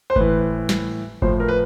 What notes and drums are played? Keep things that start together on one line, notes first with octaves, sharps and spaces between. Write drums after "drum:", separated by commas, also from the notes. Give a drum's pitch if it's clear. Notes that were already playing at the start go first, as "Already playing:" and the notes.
C5
A2 E3 B4, drum: kick G1
drum: snare
A2 F3 C5, drum: kick G1
A#4
B4